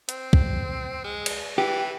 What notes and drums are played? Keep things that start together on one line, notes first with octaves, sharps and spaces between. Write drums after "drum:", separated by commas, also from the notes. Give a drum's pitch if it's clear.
C4, drum: hi-hat
drum: kick
G#3
drum: cymbal
E3 G4